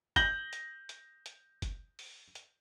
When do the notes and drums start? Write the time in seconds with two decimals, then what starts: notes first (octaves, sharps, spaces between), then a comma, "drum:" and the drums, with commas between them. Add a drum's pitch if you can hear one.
0.16 G6 A#6 F#7 G7, drum: kick, hi-hat
0.53 drum: hi-hat
0.89 drum: hi-hat
1.26 drum: hi-hat
1.62 drum: kick, hi-hat
1.99 drum: open hi-hat
2.35 drum: hi-hat